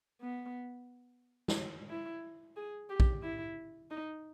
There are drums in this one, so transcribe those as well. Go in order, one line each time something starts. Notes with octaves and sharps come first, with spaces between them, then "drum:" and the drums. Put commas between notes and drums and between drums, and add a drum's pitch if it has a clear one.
B3
drum: snare
E4
G#4
G4
drum: kick A#1
E4
D#4